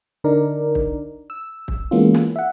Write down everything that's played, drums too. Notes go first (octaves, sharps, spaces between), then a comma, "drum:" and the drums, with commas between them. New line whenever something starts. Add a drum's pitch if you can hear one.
D3 D4 D#4 A#4 D5
drum: kick
E6
drum: kick
E3 G#3 A#3 B3 C#4 F4
drum: snare
E5 F#5